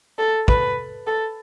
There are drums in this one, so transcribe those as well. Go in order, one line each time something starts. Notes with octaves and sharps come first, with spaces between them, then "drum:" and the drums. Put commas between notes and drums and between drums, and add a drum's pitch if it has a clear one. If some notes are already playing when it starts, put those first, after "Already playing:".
A4
B4, drum: kick
A4